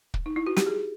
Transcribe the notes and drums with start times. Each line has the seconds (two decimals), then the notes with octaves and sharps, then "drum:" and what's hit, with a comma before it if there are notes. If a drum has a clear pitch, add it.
0.14 drum: kick
0.26 D#4
0.36 E4
0.47 F#4
0.57 G4, drum: snare
0.66 G#4